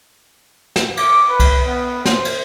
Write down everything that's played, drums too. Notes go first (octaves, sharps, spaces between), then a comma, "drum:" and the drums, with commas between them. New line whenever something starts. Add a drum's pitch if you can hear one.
drum: snare
D6, drum: cymbal
B4
drum: kick C2, cymbal
B3
C5, drum: snare
drum: cymbal